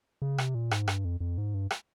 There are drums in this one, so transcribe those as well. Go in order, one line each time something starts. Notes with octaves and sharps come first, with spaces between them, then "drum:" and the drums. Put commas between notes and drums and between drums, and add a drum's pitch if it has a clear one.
C#3
C3, drum: rim click
A#2
G#2, drum: rim click
G2, drum: rim click
F2
F2
G#2
G2
drum: rim click